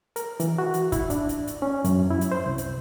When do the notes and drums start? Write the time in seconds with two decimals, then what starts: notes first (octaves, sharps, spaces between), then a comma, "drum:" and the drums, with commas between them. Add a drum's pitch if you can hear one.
0.16 A#4, drum: hi-hat
0.40 E3, drum: hi-hat
0.58 F#4
0.74 drum: hi-hat
0.92 E4, drum: kick, hi-hat
1.10 D4, drum: hi-hat
1.29 drum: hi-hat
1.47 drum: hi-hat
1.62 C#4
1.84 F#2, drum: hi-hat
2.11 E4
2.21 drum: hi-hat
2.32 C5
2.46 C2
2.58 drum: hi-hat